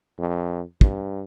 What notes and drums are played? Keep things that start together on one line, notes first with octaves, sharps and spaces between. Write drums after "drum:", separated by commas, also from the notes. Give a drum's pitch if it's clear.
F2
G2, drum: kick